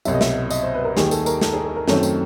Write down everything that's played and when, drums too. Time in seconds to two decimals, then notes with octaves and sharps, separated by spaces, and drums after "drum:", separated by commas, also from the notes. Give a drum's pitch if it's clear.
0.05 C2 B2 F#3 E5, drum: tambourine
0.14 D#5
0.21 E5, drum: snare
0.50 D#5, drum: tambourine
0.63 C5
0.74 B4
0.84 A#4
0.97 D#2 D#3 G3 G#4, drum: snare
1.11 A4, drum: tambourine
1.26 A#4, drum: tambourine
1.41 A4, drum: snare
1.54 G#4
1.64 A4
1.76 A#4
1.88 F#2 D#3 F#3 A3 C4 A4, drum: snare
2.03 drum: tambourine